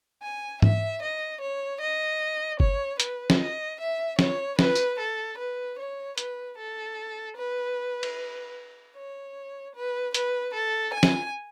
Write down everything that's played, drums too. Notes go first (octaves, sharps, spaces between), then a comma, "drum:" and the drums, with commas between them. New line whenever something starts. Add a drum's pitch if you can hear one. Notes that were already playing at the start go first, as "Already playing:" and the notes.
G#5
E5, drum: tom G#2
D#5
C#5
D#5
C#5, drum: kick
B4, drum: hi-hat
drum: snare
D#5
E5
C#5, drum: snare
B4, drum: snare
drum: tambourine
A4
B4
C#5
B4, drum: hi-hat
A4
B4
drum: cymbal
C#5
B4
B4, drum: hi-hat
A4
G#5
drum: snare